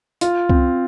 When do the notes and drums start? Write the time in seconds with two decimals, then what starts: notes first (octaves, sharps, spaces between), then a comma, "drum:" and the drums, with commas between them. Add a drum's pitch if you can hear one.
0.21 F4, drum: hi-hat
0.49 C4, drum: kick C2